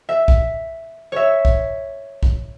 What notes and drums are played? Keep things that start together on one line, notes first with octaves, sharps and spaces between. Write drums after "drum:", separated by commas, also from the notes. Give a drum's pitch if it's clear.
E5
drum: kick B1
C#5 E5
drum: kick B1
drum: kick B1